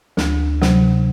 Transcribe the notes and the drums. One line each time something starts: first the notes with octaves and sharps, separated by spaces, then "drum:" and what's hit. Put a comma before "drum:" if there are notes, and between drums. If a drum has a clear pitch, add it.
D2, drum: snare
C3 F#3, drum: snare